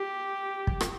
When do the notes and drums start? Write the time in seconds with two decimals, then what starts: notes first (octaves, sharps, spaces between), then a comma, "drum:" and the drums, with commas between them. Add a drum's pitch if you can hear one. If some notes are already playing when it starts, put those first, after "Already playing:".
Already playing: G4
0.67 drum: kick
0.81 drum: rim click